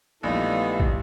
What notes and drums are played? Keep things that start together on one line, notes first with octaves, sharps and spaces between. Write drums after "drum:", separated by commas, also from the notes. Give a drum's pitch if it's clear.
A#1 E3 G3 A3 B3 D#4 A4 F5
drum: kick